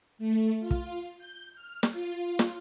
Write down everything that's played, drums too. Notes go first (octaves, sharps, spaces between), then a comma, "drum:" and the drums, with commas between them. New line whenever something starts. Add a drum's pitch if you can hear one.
A3
F4
drum: kick
G6
F6
drum: snare
F4
drum: snare